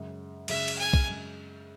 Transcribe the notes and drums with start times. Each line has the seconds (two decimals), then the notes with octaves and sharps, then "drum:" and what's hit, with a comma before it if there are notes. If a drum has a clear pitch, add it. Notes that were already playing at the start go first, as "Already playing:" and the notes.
Already playing: F#2 C#3 G#3
0.48 F#2 C#3 G#3 E5, drum: cymbal
0.68 drum: cymbal
0.79 G#5
0.93 drum: kick
1.07 F#2 C#3 G#3